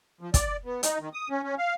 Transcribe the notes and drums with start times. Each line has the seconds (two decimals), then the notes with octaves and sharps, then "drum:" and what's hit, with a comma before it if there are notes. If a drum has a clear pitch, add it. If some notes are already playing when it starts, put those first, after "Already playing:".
0.21 F3
0.34 D5, drum: kick, hi-hat
0.65 B3
0.83 D#4, drum: hi-hat
1.00 D#3
1.13 D#6
1.30 C#4
1.43 C#4
1.58 F5